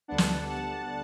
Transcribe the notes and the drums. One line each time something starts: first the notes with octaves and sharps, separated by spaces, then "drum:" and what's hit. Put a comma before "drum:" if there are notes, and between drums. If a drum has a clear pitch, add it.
D2 D3 G3 B3 D4 F#5 A5
drum: snare
F#5 A5